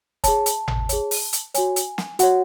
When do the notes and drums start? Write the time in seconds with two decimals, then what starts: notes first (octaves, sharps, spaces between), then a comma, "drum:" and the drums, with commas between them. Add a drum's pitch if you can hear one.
0.24 G#4 C#5 A5, drum: kick, hi-hat
0.46 drum: hi-hat
0.68 drum: tom G#1
0.89 G#4 C#5, drum: hi-hat
1.11 drum: open hi-hat
1.33 drum: hi-hat
1.54 F#4 C#5 G#5, drum: hi-hat
1.76 drum: hi-hat
1.98 drum: snare
2.19 F#4 C#5 F#5, drum: hi-hat